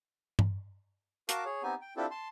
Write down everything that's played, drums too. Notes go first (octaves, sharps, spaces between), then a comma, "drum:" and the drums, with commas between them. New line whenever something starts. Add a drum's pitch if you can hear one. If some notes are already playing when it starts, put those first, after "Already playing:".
drum: tom G2
F#4 A#4 F5 A5 D6, drum: hi-hat
G#4 C#5
B3 C4 D#4 G4 G#5
G5
C4 D4 E4 F4 G4 A4
A5 C6